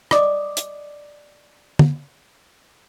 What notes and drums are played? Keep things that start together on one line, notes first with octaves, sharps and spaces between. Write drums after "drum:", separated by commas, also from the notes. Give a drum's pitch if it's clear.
D5 D#5 D6 D#6, drum: rim click
drum: hi-hat
drum: tom